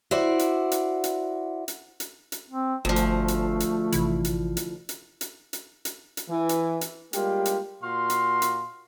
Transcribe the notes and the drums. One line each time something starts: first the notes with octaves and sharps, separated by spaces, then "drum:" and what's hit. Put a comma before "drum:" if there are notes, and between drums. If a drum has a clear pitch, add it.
E4 F#4 C5 D5
drum: hi-hat
drum: hi-hat
drum: hi-hat
drum: hi-hat
drum: hi-hat
drum: hi-hat
C4
G1 D2 F3 A3
drum: hi-hat
drum: hi-hat
drum: hi-hat
A1 C3 E3 E4, drum: hi-hat
drum: hi-hat
drum: hi-hat
drum: hi-hat
drum: hi-hat
drum: hi-hat
drum: hi-hat
drum: hi-hat
E3
drum: hi-hat
drum: hi-hat
G3 G#3 A#3 F4 G4, drum: hi-hat
drum: hi-hat
A#2 F#4 F5 C6
drum: hi-hat
drum: hi-hat